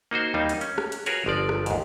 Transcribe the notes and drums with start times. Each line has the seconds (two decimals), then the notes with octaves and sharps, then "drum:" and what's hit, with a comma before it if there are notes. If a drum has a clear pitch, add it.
0.11 A#3 D#4 F#4 C5
0.34 D#2 G3 A#3 D#4
0.49 drum: hi-hat
0.61 C#4, drum: hi-hat
0.78 drum: rim click
0.92 drum: hi-hat
1.06 F4 F#4 G#4 A#4 B4 C#5, drum: hi-hat
1.26 G1 F3 D5
1.49 drum: rim click
1.66 D#2 G#2, drum: hi-hat